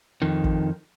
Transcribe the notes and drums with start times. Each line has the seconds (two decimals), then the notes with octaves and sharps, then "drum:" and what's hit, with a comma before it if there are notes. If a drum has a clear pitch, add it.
0.22 F2 D#3
0.44 drum: kick